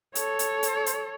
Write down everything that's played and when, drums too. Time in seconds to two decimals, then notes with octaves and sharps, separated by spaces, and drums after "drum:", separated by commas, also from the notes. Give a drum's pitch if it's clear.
0.15 A4 C#5, drum: hi-hat
0.39 drum: hi-hat
0.63 drum: hi-hat
0.86 drum: hi-hat